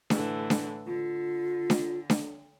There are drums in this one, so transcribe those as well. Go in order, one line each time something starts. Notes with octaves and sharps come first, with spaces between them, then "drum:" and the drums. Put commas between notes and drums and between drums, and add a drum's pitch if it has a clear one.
A2 D3 E3, drum: snare D4
drum: snare D4
D3 F4
drum: snare D4
drum: snare D4